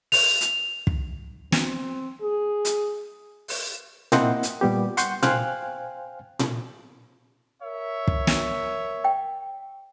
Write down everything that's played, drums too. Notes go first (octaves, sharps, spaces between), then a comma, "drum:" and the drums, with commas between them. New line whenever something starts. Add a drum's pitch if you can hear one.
F7, drum: open hi-hat
drum: hi-hat
drum: kick
C4, drum: snare
G#4
drum: hi-hat
drum: open hi-hat
A#3 C4 E4 C5 D#5 F#5, drum: tom A#2
drum: hi-hat
A#2 G3 B3 G4
F#5 C6 C#6 G6, drum: hi-hat
C5 F5 G5 G#5 F6 F#6, drum: tom A#2
drum: tom A#2
A#4 C#5 E5
drum: kick
drum: snare
G5